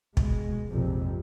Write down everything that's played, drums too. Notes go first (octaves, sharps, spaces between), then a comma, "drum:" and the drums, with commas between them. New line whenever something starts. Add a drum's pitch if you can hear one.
B2 G#3, drum: kick
A#1 F2 G#2 C3